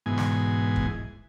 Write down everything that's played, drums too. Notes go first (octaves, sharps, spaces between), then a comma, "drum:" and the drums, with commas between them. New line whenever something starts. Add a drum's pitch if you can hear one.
G#2 B2 E3 G#5
drum: snare
drum: kick